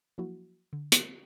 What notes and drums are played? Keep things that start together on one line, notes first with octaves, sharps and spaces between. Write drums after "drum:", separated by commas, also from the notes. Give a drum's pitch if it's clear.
F3 F#3 A#3 E4 F#4
D3
drum: hi-hat